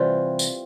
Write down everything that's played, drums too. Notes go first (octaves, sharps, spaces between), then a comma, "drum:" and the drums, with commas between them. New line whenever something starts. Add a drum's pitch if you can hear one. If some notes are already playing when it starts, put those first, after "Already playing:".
Already playing: C3 E3 G3 F4 G4
drum: tambourine